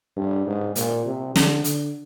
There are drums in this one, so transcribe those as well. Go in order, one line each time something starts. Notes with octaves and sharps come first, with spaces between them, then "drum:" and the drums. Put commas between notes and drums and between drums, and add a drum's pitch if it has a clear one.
G2
G#2
A#2, drum: hi-hat
C3
D3, drum: snare
D3, drum: hi-hat